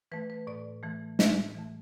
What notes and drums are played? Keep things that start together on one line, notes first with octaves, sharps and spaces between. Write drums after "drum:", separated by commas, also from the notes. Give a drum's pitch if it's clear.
E3 A3 B4
B4
A2 D5
E3 A3
A2 E5, drum: snare
E3 A3